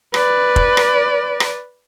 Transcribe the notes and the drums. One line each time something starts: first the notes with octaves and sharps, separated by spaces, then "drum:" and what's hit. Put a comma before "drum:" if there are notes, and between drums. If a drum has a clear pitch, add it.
B4 D5, drum: rim click
drum: kick
drum: rim click
drum: rim click